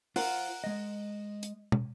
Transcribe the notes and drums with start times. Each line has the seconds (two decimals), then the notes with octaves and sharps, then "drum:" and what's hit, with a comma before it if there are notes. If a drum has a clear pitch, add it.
0.16 F4 A#4 C5 F#5, drum: open hi-hat
0.64 G#3 D#5
1.43 drum: hi-hat
1.72 drum: tom